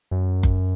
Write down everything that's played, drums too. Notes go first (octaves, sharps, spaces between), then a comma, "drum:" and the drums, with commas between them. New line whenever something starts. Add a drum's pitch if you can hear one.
F#2
drum: kick F#1